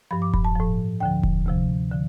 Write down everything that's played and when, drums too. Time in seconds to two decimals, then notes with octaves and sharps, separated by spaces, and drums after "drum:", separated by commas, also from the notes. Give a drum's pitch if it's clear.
0.11 G2 F3 B5
0.22 D6
0.34 B5, drum: kick E1
0.45 A5
0.56 A2 F3
1.00 D2 D3 F3 G5
1.23 drum: kick E1
1.46 D2 C3 F3
1.92 D3 F3